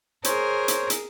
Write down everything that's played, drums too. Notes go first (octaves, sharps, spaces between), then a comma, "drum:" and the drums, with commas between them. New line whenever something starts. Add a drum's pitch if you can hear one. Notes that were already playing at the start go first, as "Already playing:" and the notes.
G#4 A#4 C5 C#5, drum: hi-hat
drum: hi-hat
drum: hi-hat